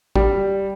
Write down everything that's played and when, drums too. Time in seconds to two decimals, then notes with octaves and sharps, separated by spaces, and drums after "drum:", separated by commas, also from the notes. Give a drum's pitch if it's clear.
0.15 G3, drum: kick